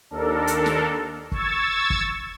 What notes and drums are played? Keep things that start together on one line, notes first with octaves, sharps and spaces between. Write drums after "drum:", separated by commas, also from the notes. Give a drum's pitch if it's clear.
D#2 D4 A4 A#4
drum: hi-hat
drum: snare
C#6 E6 G#6 A6, drum: kick
drum: kick